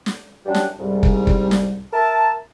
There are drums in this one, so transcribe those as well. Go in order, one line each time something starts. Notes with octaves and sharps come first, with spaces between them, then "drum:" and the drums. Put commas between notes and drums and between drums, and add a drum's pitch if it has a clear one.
drum: snare
F#2 G3 D4
drum: snare
C2 G#2 G3
drum: kick
drum: kick
drum: snare
A#4 E5 A5